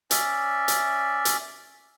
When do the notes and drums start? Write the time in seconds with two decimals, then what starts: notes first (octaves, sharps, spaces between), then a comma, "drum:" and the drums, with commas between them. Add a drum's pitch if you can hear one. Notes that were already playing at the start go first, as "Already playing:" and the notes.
0.11 C#4 D5 E5, drum: hi-hat
0.68 drum: hi-hat
1.25 drum: hi-hat